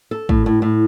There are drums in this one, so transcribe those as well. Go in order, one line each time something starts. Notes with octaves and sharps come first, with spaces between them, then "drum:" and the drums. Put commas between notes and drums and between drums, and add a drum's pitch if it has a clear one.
A4
A2, drum: kick
A2
A2